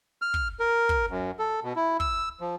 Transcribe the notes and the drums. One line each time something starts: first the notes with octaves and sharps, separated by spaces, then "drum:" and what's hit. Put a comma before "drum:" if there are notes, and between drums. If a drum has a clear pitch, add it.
F6
drum: kick
A#4
drum: kick
F#2
A4
B2
E4
E6, drum: kick
F3